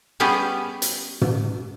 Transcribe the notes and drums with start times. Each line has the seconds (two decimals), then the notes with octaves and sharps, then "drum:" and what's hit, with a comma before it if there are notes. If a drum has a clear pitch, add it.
0.20 G3 B3 C#4 G4 G#4
0.82 drum: hi-hat
1.21 drum: tom